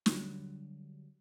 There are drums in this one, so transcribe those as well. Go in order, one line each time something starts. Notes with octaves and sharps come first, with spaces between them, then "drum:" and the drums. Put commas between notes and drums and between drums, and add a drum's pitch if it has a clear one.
D3 F#3 G3, drum: snare